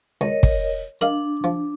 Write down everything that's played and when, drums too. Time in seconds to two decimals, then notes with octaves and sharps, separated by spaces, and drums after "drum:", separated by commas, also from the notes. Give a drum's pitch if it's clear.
0.21 C#2 A#4 C#5 D#5
0.43 drum: kick
1.01 D4 A#4 D#5 F5
1.44 F3